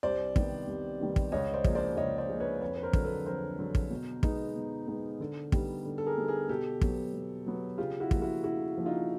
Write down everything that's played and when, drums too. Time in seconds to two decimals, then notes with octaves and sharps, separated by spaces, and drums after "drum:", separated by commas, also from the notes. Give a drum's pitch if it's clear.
0.03 C2 C5 D5
0.36 C3 D#3 G3 B3, drum: kick
0.68 C2
1.00 C3 D#3 G3 B3
1.16 drum: kick
1.32 C#2 C#5 D#5
1.54 C5 D5
1.64 C#3 F3 A#3, drum: kick
1.75 C5 D5
1.97 C#2 C#5 D#5
2.18 C5 D5
2.29 C#3 F3 A#3
2.40 B4 C#5
2.61 F2 B4 C#5
2.77 B4
2.83 A#4 C5
2.93 D3 F#3, drum: kick
3.04 A4 B4
3.26 F2 A#4 C5
3.58 D3 F#3
3.75 drum: kick
3.90 B2
4.23 G#3 B3 D#4, drum: kick
4.56 B2
4.88 G#3 B3 D#4
5.20 D3
5.52 G3 B3 D#4, drum: kick
5.85 D3
5.98 A4
6.06 G#4 A#4
6.17 G3 B3 D#4
6.28 G#4 A#4
6.49 B2 G4 A4
6.81 F#3 B3, drum: kick
7.14 B2
7.46 F#3 B3
7.78 C#3 F4 G4
8.00 E4 F#4
8.11 F3 A#3, drum: kick
8.22 E4 F#4
8.43 C#3 E4 F#4
8.76 F3 A#3
8.86 D#4 F4